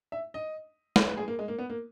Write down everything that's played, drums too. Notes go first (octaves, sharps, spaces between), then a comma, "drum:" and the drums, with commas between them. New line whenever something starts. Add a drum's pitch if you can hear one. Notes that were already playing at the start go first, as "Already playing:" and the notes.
E5
D#5
C#5, drum: snare
B4
G#4
A#3
G#3
A#3
B3
A#3